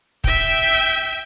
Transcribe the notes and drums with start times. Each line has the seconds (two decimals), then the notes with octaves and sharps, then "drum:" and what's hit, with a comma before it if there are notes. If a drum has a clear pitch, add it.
0.24 E5 G5, drum: kick